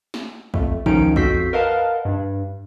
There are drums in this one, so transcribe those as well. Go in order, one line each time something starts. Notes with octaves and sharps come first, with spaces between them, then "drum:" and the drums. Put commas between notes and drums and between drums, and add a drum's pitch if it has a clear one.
drum: snare
F2 A3, drum: kick
C#2 D#3 F3 C#4 D#4 D7, drum: kick
F2 F#4 E6 G6 B6 C7, drum: kick
A#4 B4 D#5 F5 F#5 A5
G2 D4